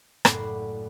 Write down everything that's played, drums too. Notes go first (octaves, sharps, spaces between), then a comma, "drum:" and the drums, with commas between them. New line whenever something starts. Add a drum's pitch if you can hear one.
F#1 A2 D5 F#5 B5 C7, drum: rim click